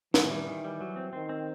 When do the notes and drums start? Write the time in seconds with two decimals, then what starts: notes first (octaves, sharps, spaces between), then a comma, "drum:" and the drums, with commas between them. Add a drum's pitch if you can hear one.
0.14 D#3 E3, drum: snare
0.31 G3
0.47 D#3
0.64 G3
0.81 F#3
0.96 C4
1.13 D#3 C4
1.29 C4